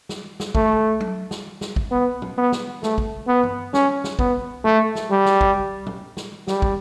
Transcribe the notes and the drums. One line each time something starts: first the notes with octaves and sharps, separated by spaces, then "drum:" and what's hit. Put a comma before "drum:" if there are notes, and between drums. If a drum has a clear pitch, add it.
drum: snare
drum: snare
A3, drum: kick
drum: tom F#3
drum: snare
drum: snare
drum: kick
B3
drum: tom
B3
drum: snare
A3, drum: snare
drum: kick
B3
drum: tom G2
C#4, drum: snare
drum: snare
B3, drum: kick
A3, drum: tom
drum: snare
G3
drum: snare
drum: kick
drum: tom
drum: snare
G3, drum: snare
drum: kick